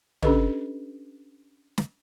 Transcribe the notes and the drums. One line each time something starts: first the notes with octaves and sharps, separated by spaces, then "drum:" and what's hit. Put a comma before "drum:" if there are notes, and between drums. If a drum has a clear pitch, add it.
C#4 D4 G4 A4 B4 D#5, drum: tom
drum: snare